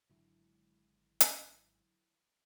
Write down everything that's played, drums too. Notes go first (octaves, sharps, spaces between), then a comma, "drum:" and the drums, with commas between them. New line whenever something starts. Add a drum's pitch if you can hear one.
G#1 G#2 D3 F#3 G#3 E4
drum: hi-hat